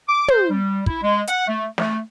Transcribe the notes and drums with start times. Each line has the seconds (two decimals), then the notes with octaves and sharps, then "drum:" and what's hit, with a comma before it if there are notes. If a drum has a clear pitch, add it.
0.08 D6
0.28 C5, drum: tom
0.50 G3
0.86 E4, drum: kick
1.02 G#3
1.27 F#5, drum: hi-hat
1.47 A3
1.78 A3, drum: snare